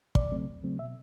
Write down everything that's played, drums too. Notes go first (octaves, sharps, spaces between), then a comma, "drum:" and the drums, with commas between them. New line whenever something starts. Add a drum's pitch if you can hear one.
E2 D5, drum: kick
C#3 F#3 A3 C4
E2
C#3 F#3 A3 C4
B2 E5